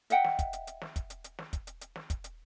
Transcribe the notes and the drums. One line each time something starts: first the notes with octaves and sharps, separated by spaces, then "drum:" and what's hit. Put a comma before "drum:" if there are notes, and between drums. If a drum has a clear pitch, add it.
D#5 E5 F#5 G5, drum: hi-hat
drum: snare
drum: kick, hi-hat
drum: hi-hat
drum: hi-hat
drum: snare
drum: kick, hi-hat
drum: hi-hat
drum: hi-hat
drum: snare
drum: kick, hi-hat
drum: hi-hat
drum: hi-hat
drum: snare
drum: kick, hi-hat
drum: hi-hat